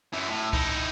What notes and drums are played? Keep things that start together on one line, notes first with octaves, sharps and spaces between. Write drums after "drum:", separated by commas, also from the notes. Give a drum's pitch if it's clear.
F#2 E3
A2
D#4 E4, drum: kick